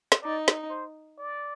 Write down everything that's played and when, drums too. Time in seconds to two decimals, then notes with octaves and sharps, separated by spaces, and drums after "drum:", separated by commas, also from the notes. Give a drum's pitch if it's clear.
0.12 drum: snare
0.23 D#4 D5
0.48 drum: snare
0.70 C5
1.18 D5